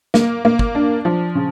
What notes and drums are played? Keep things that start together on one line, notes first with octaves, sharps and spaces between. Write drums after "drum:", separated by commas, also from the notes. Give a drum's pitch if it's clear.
A#3, drum: snare
A#3
drum: kick
D4
F3
C#3